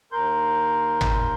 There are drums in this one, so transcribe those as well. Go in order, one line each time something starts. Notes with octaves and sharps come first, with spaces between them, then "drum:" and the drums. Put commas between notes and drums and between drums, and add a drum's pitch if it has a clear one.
D#2 A#4 C6 G6
drum: tom G#1